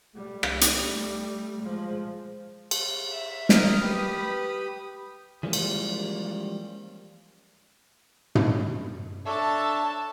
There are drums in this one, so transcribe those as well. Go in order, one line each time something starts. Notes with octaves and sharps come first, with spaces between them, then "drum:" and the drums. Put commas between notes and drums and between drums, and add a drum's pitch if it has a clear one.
G3 A3
drum: rim click
drum: hi-hat
F3 G#3
drum: cymbal
E5
A#4 D#6 F6, drum: snare
G4 B4 B5 D#6
E3 F3 G3 G#3 A#3 C#4
drum: cymbal
drum: tom
D4 A4 C#5 E5 A5